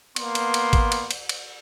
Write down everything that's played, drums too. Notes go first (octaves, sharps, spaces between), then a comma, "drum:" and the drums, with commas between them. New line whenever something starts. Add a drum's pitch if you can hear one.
A#3 B3 C6, drum: cymbal
drum: cymbal
drum: cymbal
drum: kick G#1, cymbal
drum: cymbal
drum: cymbal
drum: cymbal